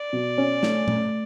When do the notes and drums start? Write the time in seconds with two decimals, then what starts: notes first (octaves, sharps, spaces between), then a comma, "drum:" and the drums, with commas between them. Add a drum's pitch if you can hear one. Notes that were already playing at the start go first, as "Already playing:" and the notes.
Already playing: D5
0.13 B2
0.38 C#4
0.63 A3, drum: snare
0.88 A3, drum: tom A#2